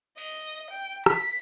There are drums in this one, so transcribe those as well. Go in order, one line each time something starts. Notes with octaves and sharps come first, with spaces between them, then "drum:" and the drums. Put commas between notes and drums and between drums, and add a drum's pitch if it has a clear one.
D#5, drum: cymbal
G5
B6, drum: rim click